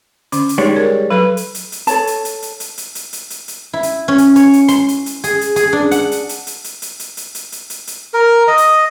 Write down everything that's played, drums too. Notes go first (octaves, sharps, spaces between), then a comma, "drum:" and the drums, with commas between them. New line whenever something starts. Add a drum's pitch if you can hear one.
D3 C#4 D6, drum: hi-hat
drum: hi-hat
G3 G#3 D#4 C#5
A#4
F#3 A4 B4 B5
drum: hi-hat
drum: hi-hat
drum: hi-hat
A4 C#5 A5, drum: hi-hat
drum: hi-hat
drum: hi-hat
drum: hi-hat
drum: hi-hat
drum: hi-hat
drum: hi-hat
drum: hi-hat
drum: hi-hat
drum: hi-hat
E4
drum: hi-hat
C#4
drum: hi-hat
C#5, drum: hi-hat
drum: hi-hat
C6, drum: hi-hat
drum: hi-hat
drum: hi-hat
G#4, drum: hi-hat
drum: hi-hat
G#4, drum: hi-hat
D4
F#5, drum: hi-hat
drum: hi-hat
drum: hi-hat
drum: hi-hat
drum: hi-hat
drum: hi-hat
drum: hi-hat
drum: hi-hat
drum: hi-hat
drum: hi-hat
drum: hi-hat
drum: hi-hat
A#4
D#5
drum: hi-hat